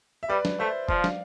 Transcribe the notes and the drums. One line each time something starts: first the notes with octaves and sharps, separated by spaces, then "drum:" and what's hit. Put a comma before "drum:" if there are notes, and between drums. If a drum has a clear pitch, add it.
E5
G3 B4 D5
drum: snare
A3 C5 E5
F3 D5 F5, drum: kick F1
drum: snare